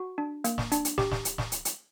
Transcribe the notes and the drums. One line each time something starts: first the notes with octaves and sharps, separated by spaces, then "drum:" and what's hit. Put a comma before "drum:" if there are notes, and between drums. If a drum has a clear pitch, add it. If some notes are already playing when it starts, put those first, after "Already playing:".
Already playing: F#4
D4
A#3, drum: hi-hat
drum: snare
D4, drum: hi-hat
drum: hi-hat
G4, drum: snare
drum: snare
drum: hi-hat
drum: snare
drum: hi-hat
drum: hi-hat